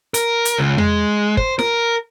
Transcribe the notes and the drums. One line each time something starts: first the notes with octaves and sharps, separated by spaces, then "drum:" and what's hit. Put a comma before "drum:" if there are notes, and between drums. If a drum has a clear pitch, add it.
A#4, drum: hi-hat
drum: hi-hat
C#2
G#3, drum: tom E2
C5, drum: kick
A#4, drum: snare